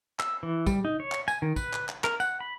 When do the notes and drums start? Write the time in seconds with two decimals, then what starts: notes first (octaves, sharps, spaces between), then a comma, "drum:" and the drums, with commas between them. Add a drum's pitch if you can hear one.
0.20 E6, drum: clap
0.43 E3
0.66 G3, drum: kick, tambourine
0.85 D#4
1.00 C#5
1.12 drum: clap
1.28 G#5, drum: tambourine
1.42 D#3
1.56 B4, drum: kick, tambourine
1.73 drum: clap
1.89 drum: clap
2.04 A#4, drum: clap
2.20 F#5, drum: tambourine
2.40 B5